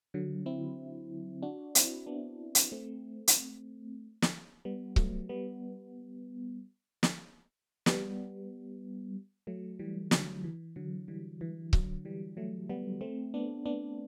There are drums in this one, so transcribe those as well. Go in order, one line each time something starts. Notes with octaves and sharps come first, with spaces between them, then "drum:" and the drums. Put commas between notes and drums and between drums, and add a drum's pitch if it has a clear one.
D3 F#3
C4 E4
D4 F#4
C4 E4, drum: hi-hat
B3 D4
drum: hi-hat
A3 C4
drum: hi-hat
drum: snare
G3 B3
F#3 A3, drum: kick C#1
G3 B3
drum: snare
G3 B3, drum: snare
F#3 A3
E3 G3
D3 F#3, drum: snare
E3
D3 F#3
E3 G3
E3
D3 F#3, drum: kick C#1
E3 G3
F#3 A3
G3 B3
A3 C4
B3 D4
B3 D4